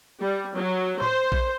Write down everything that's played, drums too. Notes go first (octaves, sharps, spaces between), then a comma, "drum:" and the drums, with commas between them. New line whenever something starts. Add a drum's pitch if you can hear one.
G3
F#3
C5, drum: tom A2
drum: kick A#1